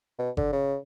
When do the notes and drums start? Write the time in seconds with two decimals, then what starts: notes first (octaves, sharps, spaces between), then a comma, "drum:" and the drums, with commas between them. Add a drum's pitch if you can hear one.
0.19 B2
0.37 D3, drum: kick G1
0.53 C#3